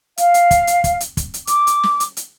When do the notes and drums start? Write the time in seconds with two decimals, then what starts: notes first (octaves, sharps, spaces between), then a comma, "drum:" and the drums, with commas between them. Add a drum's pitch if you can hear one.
0.18 F5, drum: hi-hat
0.34 drum: hi-hat
0.51 drum: kick, hi-hat
0.67 drum: hi-hat
0.84 drum: kick, hi-hat
1.00 drum: hi-hat
1.17 drum: kick, hi-hat
1.34 drum: hi-hat
1.47 D6, drum: hi-hat
1.67 drum: hi-hat
1.83 drum: snare
2.00 drum: hi-hat
2.17 drum: hi-hat